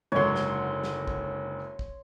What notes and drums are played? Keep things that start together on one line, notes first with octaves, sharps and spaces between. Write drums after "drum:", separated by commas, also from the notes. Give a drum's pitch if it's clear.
F#1 G#2 D3 F#3 C#5 C6
drum: snare
drum: snare
drum: kick
drum: kick